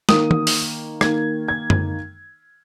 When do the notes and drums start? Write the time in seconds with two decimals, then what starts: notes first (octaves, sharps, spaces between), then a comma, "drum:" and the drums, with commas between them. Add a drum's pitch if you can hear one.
0.09 D#3 A#3 D#6, drum: snare
0.31 drum: tom D#3
0.47 drum: open hi-hat
1.01 D#3 A#3 G#6, drum: rim click
1.48 G#6
1.70 drum: tom F#2